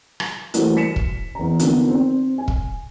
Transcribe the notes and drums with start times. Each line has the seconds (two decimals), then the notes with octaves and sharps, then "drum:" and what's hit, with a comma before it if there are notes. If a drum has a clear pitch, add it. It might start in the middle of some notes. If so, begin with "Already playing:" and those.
0.20 drum: rim click
0.54 E3 G3 A3 A#3 F#4 C5, drum: hi-hat
0.77 B6 C#7 E7
0.96 drum: kick
1.35 E2 A#5
1.59 D3 F3 A#3 B3 D#4, drum: hi-hat
1.89 C4 C5
2.38 G#5
2.48 drum: kick